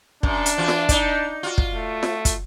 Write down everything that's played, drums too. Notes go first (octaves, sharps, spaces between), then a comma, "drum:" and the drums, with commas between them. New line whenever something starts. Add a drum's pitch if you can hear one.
F#2 D4, drum: kick
drum: hi-hat
E3 F4 F#4
drum: snare F4
D#4 D5, drum: kick, hi-hat
F4 F#4
drum: kick
A3
drum: snare F4
drum: kick, hi-hat